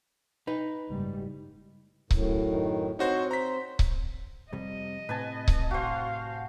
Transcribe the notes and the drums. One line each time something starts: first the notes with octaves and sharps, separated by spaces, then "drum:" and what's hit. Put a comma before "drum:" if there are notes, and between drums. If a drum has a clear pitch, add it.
D#4 B4
F#1 G#2 G3
F#2 A2, drum: kick C#1
D#3
C4 D#4 F#4 C5 C#5
C5 A#5 B6
drum: kick C#1
F2 C3 G3 D#5
A2 C3 B4 G#5 A5
drum: kick C#1
F#4 C5 F5